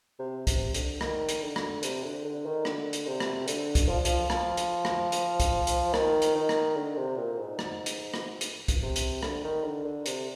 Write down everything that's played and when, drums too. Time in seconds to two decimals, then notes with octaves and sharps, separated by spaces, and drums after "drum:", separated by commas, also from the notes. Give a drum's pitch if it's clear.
0.19 C3
0.47 C3, drum: kick C2, hi-hat
0.74 D3, drum: hi-hat
1.01 D#3, drum: rim click
1.29 drum: hi-hat
1.43 D3
1.56 drum: rim click
1.83 C3, drum: hi-hat
2.03 D3
2.25 D3
2.46 D#3
2.65 D3, drum: rim click
2.93 drum: hi-hat
3.07 C3
3.20 drum: rim click
3.48 D3, drum: hi-hat
3.75 drum: kick C2, hi-hat
3.89 F3
4.05 F3, drum: hi-hat
4.30 F3, drum: rim click
4.57 drum: hi-hat
4.85 drum: rim click
5.12 drum: hi-hat
5.40 drum: kick C2, hi-hat
5.67 drum: hi-hat
5.94 D#3, drum: rim click
6.22 drum: hi-hat
6.35 D#3
6.49 drum: rim click
6.77 D3
6.97 C3
7.17 A#2
7.39 G#2
7.59 drum: rim click
7.86 drum: hi-hat
8.14 drum: rim click
8.41 drum: hi-hat
8.68 drum: kick C2, hi-hat
8.83 C3
8.96 drum: hi-hat
9.23 D3, drum: rim click
9.44 D#3
9.64 D3
9.85 D3
10.06 C3, drum: hi-hat